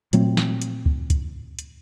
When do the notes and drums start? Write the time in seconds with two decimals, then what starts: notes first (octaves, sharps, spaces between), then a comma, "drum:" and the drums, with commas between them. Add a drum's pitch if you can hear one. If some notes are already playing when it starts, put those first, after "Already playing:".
0.13 A#2 F#3 A3 C4, drum: hi-hat
0.37 drum: snare
0.61 drum: hi-hat
0.86 drum: kick C#2
1.10 drum: kick C#2, hi-hat
1.59 drum: hi-hat